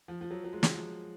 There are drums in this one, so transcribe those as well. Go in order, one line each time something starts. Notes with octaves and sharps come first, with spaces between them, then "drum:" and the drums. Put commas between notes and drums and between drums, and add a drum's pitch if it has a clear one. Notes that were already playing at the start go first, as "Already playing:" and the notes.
F3
F3
F#3
F#3
G#3
drum: snare
F3